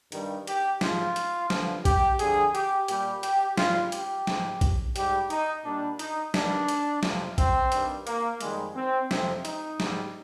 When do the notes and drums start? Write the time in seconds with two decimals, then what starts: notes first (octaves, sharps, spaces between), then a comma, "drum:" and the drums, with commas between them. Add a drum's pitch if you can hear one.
0.12 G2 D#3 G3, drum: hi-hat
0.47 G4, drum: hi-hat
0.81 G#2 F3 F4, drum: snare
1.16 drum: hi-hat
1.50 G2 D3 F3, drum: snare
1.85 G4, drum: kick A#1, hi-hat
2.19 F2 D3 G3 G#4, drum: hi-hat
2.55 G4, drum: hi-hat
2.88 A#2 G3 G4, drum: hi-hat
3.23 G4, drum: hi-hat
3.58 G#2 G3 F4, drum: snare
3.92 G4, drum: hi-hat
4.27 G#2 F3, drum: snare
4.61 drum: kick A#1, hi-hat
4.96 G#2 G3 G4, drum: hi-hat
5.30 D#4, drum: hi-hat
5.65 A#2 G3 D4
5.99 D#4, drum: hi-hat
6.34 G2 D#3 G3 D4, drum: snare
6.68 drum: hi-hat
7.03 F2 C3 F3, drum: snare
7.38 C4, drum: kick A#1, hi-hat
7.72 G2 D#3 G3, drum: hi-hat
8.07 A#3, drum: hi-hat
8.41 F2 D#3 G3 G#3, drum: hi-hat
8.76 C4
9.11 F2 C3 F3 C4, drum: snare
9.45 D#4, drum: hi-hat
9.80 G#2 G3, drum: snare